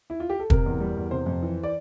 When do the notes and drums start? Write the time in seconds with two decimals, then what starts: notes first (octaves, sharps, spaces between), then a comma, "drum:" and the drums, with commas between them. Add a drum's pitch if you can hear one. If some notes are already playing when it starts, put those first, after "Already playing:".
0.10 E4
0.20 F4
0.30 G4
0.40 A4
0.50 C3 A#4, drum: kick
0.66 E2
0.80 G3
0.96 E2
1.11 C3 C5
1.26 F2
1.43 E3
1.63 D5